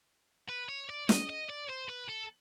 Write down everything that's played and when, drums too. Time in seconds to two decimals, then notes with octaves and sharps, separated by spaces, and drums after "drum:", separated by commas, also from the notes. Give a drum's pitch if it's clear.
0.49 B4
0.69 C#5
0.90 D5
1.09 D#5, drum: snare
1.30 D#5
1.50 D5
1.70 C5
1.89 B4
2.09 A4